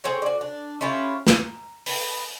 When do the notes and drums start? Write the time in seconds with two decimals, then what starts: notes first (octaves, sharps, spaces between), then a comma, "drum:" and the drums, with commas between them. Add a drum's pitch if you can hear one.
0.04 C4 G#4 C#5 G5
0.22 F#4 D5
0.41 D4
0.81 C#4 E4 F4 G4
1.27 A#5, drum: snare
1.86 B3, drum: open hi-hat